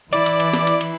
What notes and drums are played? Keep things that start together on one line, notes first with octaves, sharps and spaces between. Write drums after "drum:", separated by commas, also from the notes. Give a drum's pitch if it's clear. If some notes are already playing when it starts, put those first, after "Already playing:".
E3 E4 D5, drum: cymbal
drum: cymbal
drum: cymbal
drum: snare
drum: cymbal
drum: cymbal